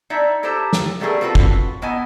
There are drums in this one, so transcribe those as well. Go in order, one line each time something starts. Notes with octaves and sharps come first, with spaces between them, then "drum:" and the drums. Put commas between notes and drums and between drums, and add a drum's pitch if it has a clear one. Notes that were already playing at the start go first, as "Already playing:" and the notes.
D#4 E4 D5 E5
E4 G4 A4 C5 A#5
drum: snare
F#3 G3 A3 F#4 G#4 A#4
C4 F4 F#4 A4 B4
drum: kick
D#3 B3 E4 D#5 G#5